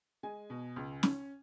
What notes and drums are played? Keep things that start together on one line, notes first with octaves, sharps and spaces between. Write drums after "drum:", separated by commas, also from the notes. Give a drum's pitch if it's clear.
G#3 G#5
B2
C#2
C#4, drum: snare